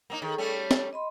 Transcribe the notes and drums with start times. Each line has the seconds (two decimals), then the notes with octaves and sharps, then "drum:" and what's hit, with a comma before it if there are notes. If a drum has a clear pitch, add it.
0.10 A#3 C4 D#4
0.22 D#3 G#4 A4
0.38 G3 A3 C#4
0.52 G4
0.71 drum: snare
0.93 D#5 B5 C6